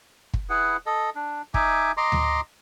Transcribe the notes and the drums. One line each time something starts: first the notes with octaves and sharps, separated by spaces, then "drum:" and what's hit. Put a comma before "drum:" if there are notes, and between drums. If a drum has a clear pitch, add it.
drum: kick
E4 G#4 B4 F#5
A4 D#5
D4
D#4 E5 G#5 D6, drum: kick
D#5 A#5 C6 D6
drum: tom D2